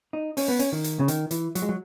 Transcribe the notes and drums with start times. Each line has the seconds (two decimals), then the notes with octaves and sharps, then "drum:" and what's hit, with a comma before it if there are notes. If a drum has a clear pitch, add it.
0.13 D#4
0.37 C#4, drum: open hi-hat
0.48 B3
0.59 C#4, drum: hi-hat
0.72 D#3
0.84 drum: hi-hat
0.99 C#3
1.08 D#3, drum: hi-hat
1.31 E3, drum: hi-hat
1.55 F#3, drum: hi-hat
1.62 G#3
1.69 F#3